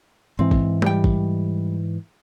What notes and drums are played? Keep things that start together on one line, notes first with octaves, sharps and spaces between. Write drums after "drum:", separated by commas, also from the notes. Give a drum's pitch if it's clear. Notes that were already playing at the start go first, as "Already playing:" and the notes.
G#2 E3 C4
drum: kick
G3 G5, drum: tom G#3
drum: kick